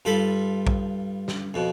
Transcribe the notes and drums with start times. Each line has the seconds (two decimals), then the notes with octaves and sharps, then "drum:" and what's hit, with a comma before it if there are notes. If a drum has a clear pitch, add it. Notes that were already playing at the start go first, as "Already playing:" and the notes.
0.05 G2 F4 A4 B5
0.67 drum: kick A#1
1.28 drum: snare
1.54 F2 B2